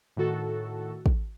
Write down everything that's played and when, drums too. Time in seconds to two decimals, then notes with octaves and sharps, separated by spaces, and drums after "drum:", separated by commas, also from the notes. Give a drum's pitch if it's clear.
0.17 A2 D#3 F#4 A4
1.06 drum: kick